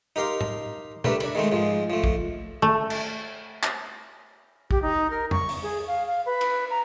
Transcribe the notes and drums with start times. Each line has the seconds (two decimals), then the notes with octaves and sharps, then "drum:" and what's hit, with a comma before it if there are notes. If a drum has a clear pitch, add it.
0.16 D#4 G4 A#4 F5 C6
0.41 drum: tom
1.04 A3 D4 G4 A#4 B4 E5, drum: tom
1.20 D4 B5, drum: cymbal
1.35 D#3 G#3 A3 C4
1.52 G#2 F3 G#3
1.90 F3 A3
2.04 drum: kick
2.62 A3
2.90 drum: cymbal
3.63 drum: clap
4.71 G4, drum: kick
4.82 D#4
5.10 A#4
5.31 C#6, drum: tom F2
5.49 drum: open hi-hat
5.63 G#4
5.87 F5
6.07 F5
6.26 B4
6.41 drum: cymbal
6.70 A#5